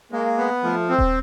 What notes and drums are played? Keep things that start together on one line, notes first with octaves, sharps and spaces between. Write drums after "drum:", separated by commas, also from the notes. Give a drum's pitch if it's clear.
G#3 A#3
B3
F3 A3
C4
drum: kick D#1